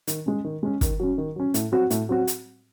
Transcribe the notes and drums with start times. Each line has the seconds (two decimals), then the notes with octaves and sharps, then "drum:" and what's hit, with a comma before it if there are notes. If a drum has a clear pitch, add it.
0.07 D#3, drum: hi-hat
0.26 G#3 C#4
0.44 D#3
0.63 G#3 C#4
0.81 D#3, drum: kick, hi-hat
1.00 F#3 C#4
1.18 D#3
1.36 F#3 C#4
1.54 A2, drum: hi-hat
1.72 F#3 C4 F#4
1.90 A2, drum: hi-hat
2.09 F#3 C4 F#4
2.27 drum: hi-hat